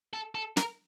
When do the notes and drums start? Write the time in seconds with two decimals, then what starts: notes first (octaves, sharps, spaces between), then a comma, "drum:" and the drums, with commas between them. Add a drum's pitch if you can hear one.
0.13 A4
0.35 A4
0.57 A#4, drum: snare